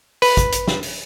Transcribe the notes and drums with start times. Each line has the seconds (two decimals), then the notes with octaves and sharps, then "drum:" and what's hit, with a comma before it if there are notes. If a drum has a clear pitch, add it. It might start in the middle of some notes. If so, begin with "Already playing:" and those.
0.22 B4, drum: open hi-hat
0.37 drum: kick, hi-hat
0.52 drum: hi-hat
0.68 drum: snare
0.83 drum: open hi-hat